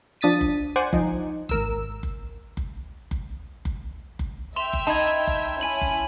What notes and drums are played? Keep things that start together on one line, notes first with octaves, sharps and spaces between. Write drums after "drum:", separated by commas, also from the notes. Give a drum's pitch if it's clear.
F3 D4 D#6 A6 B6 D#7
drum: kick F#1
C5 D5 F#5 G#5
F3 D#4, drum: kick F#1
G#1 A#4 E6, drum: kick F#1
drum: kick F#1
drum: kick F#1
drum: kick F#1
drum: kick F#1
drum: kick F#1
E5 G5 C6 E7 F7
drum: kick F#1
D#4 A5 B5 G#6
drum: kick F#1
C#4 E4 G#5 D#7 F#7
drum: kick F#1